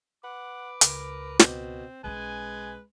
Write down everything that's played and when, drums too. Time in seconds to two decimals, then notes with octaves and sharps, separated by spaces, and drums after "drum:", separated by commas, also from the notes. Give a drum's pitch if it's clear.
0.24 B4 F#5 D6
0.81 C#2 A#4, drum: hi-hat
1.39 B2 C4, drum: snare
2.04 B1 G#3 C#4 B4 G#5